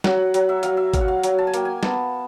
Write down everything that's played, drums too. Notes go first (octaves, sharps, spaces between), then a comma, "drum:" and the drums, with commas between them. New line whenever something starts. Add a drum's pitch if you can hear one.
F#3 F#5, drum: snare
F#3, drum: hi-hat
E5
F#3 F5, drum: hi-hat
E5
F#3 F5, drum: kick G#1, hi-hat
F#5
F5
F#3, drum: hi-hat
A5
G#5
A#3 G5, drum: hi-hat
G#5
B3 A5, drum: snare